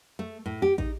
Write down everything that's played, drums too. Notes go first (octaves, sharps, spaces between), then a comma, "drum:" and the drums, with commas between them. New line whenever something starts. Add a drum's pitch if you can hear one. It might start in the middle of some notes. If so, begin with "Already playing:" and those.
A3
A2
G4
D#4, drum: kick